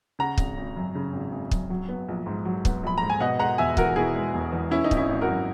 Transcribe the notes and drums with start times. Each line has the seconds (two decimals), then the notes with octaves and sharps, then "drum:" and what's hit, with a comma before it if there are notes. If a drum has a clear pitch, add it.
0.19 C#3 F#5 A#5
0.38 G#1, drum: kick
0.57 G#1
0.76 F#2
0.95 C#3
1.13 G#1
1.32 G#1
1.51 F#2, drum: kick
1.70 F#3
1.89 B3
2.08 A#1
2.26 G#2
2.45 F#3
2.65 B3, drum: kick
2.83 A#1 B5
2.98 G#2 A#5
3.10 G#5
3.20 B2 D#5 F#5
3.39 G#3 F#5 A#5
3.58 E1 E5 G#5
3.77 E2 F#4 A#4, drum: kick
3.96 B2 E4 G#4
4.15 G#3
4.33 E1
4.52 E2
4.71 E3 C#4 E4
4.84 D#4
4.91 G#1, drum: kick
4.97 C#4 E4
5.09 G#1
5.22 F#4 A#4
5.28 F#2